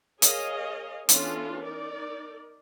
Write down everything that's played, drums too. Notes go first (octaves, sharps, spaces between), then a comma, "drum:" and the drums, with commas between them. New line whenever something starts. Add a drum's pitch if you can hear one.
G#4 A#4 C#5 D#5 F5, drum: hi-hat
E3 B3 C#4 D4 F4 A4, drum: hi-hat
D#4 A#4 D5